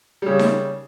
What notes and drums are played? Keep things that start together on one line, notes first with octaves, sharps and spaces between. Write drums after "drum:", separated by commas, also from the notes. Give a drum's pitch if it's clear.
C#3 G3
drum: snare D#4